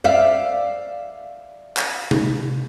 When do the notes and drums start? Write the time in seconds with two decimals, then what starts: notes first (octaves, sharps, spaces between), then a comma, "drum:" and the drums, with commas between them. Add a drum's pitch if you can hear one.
0.04 D5 E5 F5
1.77 drum: clap
2.11 drum: tom C3